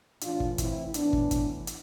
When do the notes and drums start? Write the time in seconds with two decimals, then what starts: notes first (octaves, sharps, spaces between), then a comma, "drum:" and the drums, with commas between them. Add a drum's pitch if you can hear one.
0.21 A2 E3 D4 F4, drum: hi-hat
0.40 drum: kick
0.58 C4 E4, drum: kick, hi-hat
0.94 A2 E3 B3 D4, drum: hi-hat
1.13 drum: kick
1.31 drum: kick, hi-hat
1.67 drum: hi-hat